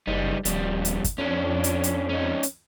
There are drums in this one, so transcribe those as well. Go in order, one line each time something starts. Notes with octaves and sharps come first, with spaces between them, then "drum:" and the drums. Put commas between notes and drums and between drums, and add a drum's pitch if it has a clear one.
F#1 G3 D#4
D#1 F2 G3, drum: hi-hat
drum: hi-hat
drum: kick, hi-hat
F2 C#4 D4
drum: hi-hat
drum: hi-hat
C#4 D#4
drum: hi-hat